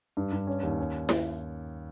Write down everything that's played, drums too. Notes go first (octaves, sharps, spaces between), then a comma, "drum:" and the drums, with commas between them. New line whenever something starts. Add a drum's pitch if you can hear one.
G2
G2
C#4
D#2
C#4
drum: snare E4